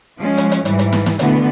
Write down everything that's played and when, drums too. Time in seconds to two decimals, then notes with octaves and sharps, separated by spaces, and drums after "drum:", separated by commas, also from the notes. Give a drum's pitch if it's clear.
0.19 F3 G#3 C#4
0.38 drum: hi-hat
0.52 drum: hi-hat
0.65 G#2 E3 G3, drum: hi-hat
0.79 drum: hi-hat
0.93 drum: snare
1.06 drum: snare
1.19 B2 D3 E3 A3 B3, drum: hi-hat